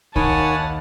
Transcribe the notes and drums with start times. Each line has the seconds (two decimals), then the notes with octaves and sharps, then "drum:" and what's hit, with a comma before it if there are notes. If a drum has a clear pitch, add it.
0.16 D#2 D#3 C#5 F#5 G#5 A5 B5 D#6, drum: kick B1